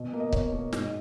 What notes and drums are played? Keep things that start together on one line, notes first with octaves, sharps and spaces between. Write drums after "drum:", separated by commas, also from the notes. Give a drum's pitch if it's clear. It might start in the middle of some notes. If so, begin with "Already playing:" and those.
Already playing: B2
A#3
D#5
B2 C#5, drum: kick C#1
A#3
G#2, drum: snare